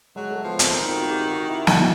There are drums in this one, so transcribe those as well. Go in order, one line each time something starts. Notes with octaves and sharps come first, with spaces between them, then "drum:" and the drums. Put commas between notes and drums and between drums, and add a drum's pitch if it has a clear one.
F#3 G#3
A3
F3 B3
C4, drum: hi-hat
D#3 C4
F4
F#4
G4
F#4
E4
D#4, drum: snare
F4